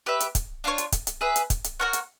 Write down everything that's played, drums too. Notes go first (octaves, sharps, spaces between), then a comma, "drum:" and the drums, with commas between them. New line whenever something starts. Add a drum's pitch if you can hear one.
G4 B4 E5
drum: hi-hat
drum: kick, hi-hat
D4 F4 A#4 C#5
drum: hi-hat
drum: kick, hi-hat
drum: hi-hat
G#4 B4 E5
drum: hi-hat
drum: kick, hi-hat
drum: hi-hat
F#4 A#4 C#5 F#5
drum: hi-hat